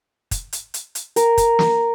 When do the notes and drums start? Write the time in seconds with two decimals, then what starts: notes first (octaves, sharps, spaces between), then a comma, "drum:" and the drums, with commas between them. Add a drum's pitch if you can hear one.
0.31 drum: kick, hi-hat
0.53 drum: hi-hat
0.74 drum: hi-hat
0.95 drum: hi-hat
1.16 A#4, drum: hi-hat
1.37 drum: kick, hi-hat
1.59 drum: snare